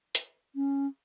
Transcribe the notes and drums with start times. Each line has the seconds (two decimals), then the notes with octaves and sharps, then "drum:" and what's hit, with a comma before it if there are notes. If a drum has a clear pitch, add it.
0.15 drum: hi-hat
0.56 C#4